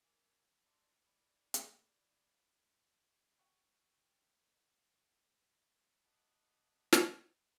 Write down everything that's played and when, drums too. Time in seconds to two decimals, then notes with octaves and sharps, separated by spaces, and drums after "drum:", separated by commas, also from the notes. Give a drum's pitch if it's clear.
0.02 A#3 E5 G#5
0.66 D5 E5 A5 A#5 C6 D6
1.06 E4 D5
1.54 drum: hi-hat
3.38 F#5 G5 C#6 F#6
6.05 D#5 F#5 A5 B5 D6
6.93 drum: snare